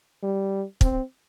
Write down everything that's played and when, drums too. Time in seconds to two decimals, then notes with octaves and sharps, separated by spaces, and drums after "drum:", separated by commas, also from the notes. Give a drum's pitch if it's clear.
0.23 G3
0.81 C4, drum: kick